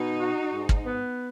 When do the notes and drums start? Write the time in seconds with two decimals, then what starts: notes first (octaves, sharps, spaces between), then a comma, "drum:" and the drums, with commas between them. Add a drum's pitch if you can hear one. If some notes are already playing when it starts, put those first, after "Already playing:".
Already playing: B2 D#4
0.20 F#4
0.53 G#2
0.69 drum: kick
0.86 B3